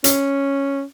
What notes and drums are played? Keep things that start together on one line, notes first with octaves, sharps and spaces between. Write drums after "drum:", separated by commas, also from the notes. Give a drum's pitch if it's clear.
C#4, drum: hi-hat